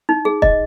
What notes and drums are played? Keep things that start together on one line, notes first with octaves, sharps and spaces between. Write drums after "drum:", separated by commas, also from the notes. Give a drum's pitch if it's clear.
D#4
G#4
D#5, drum: kick